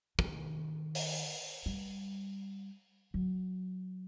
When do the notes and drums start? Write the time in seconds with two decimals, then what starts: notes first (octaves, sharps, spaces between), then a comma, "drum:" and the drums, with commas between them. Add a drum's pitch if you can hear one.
0.19 D#3, drum: kick
0.95 drum: open hi-hat
1.66 G3
3.14 F#3